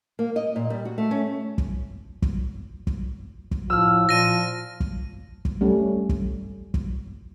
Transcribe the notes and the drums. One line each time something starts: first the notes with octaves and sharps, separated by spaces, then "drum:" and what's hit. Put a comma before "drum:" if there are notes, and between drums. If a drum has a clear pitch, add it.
A#3
D#5
A#2
G3
F#4
A3
C#4
drum: kick
drum: kick
drum: kick
drum: kick
A2 F3 E6 F6
A#2 F3 A#6 D#7
drum: kick
drum: kick
G3 A3 C#4
drum: kick
drum: kick